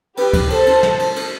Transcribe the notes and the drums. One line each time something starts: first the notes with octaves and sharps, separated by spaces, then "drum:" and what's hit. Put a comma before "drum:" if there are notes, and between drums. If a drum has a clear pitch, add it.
G4 B4, drum: cymbal
drum: kick C#2, cymbal
A4 C5, drum: cymbal
drum: cymbal
drum: snare
drum: cymbal
drum: cymbal